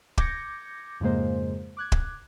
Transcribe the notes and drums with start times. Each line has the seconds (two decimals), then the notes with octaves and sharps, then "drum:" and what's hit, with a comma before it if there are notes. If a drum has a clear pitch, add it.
0.18 D6 G6 G#6 A#6 C#7, drum: kick
1.00 F2 G#2 C#3 G#3 A#3 C5
1.77 D6 F#6 G#6
1.92 drum: kick